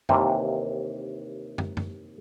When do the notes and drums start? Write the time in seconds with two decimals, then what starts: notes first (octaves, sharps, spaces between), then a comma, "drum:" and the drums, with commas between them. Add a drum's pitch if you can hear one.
0.09 D#2 C3 E3 A#3, drum: tom
1.58 drum: tom
1.77 drum: tom